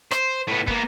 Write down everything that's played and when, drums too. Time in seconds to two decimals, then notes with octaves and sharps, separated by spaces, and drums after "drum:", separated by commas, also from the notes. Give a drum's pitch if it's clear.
0.11 C5, drum: rim click
0.48 A2 B3
0.67 A#3 B3, drum: kick